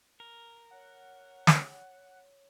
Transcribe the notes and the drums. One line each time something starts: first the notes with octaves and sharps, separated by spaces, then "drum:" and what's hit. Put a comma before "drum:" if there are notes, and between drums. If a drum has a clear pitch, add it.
A#4
C#5 F#5
drum: snare